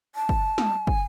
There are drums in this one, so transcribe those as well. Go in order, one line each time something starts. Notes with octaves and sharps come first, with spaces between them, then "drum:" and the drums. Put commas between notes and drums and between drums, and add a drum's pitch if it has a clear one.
A5
drum: kick
drum: snare
G#5, drum: kick